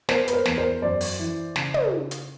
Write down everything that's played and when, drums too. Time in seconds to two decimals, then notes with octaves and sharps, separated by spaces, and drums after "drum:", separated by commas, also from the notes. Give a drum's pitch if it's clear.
0.09 B3 A#4 C5, drum: snare
0.28 B4, drum: hi-hat
0.33 A#4 C5
0.45 E2, drum: snare
0.58 A#4 C5
0.82 F#2 C5 D5
1.01 drum: open hi-hat
1.19 E3
1.56 C#3, drum: snare
1.74 drum: tom
2.11 drum: hi-hat